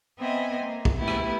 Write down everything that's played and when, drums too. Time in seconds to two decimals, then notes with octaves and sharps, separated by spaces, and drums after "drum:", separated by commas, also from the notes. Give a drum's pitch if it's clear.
0.18 B3 C4 D#5 E5 G#5
0.63 A#3
0.85 drum: kick
0.96 A3 B3 E4 G4
1.08 drum: rim click